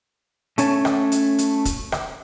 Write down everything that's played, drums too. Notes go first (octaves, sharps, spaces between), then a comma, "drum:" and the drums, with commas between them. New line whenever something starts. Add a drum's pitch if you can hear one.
A3 C#4 C#5 A5, drum: hi-hat
drum: rim click
drum: hi-hat
drum: hi-hat
drum: kick, hi-hat
drum: rim click